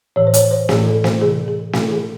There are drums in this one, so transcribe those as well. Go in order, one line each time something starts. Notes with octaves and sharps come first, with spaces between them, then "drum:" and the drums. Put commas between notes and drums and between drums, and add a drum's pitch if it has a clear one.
A2 E3 C#5
C5
C#5, drum: hi-hat
C5
A2 E3 G#4, drum: snare
A4
C5, drum: snare
C3 E3 G#4
G#4
C3 E3 A4, drum: snare
G#4